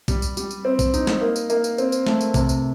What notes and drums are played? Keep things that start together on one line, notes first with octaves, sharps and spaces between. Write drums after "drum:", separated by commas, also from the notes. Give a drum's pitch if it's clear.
G3, drum: kick, tambourine
drum: tambourine
G3, drum: tambourine
drum: tambourine
C4
drum: kick, tambourine
D#4, drum: tambourine
drum: snare
A#3
drum: tambourine
A#3, drum: tambourine
drum: tambourine
C4, drum: tambourine
drum: tambourine
A3, drum: snare
drum: tambourine
C3, drum: kick, tambourine
drum: tambourine